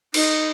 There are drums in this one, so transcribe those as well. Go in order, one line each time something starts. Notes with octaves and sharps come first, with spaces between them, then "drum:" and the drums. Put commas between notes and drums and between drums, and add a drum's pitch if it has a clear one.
D#4, drum: cymbal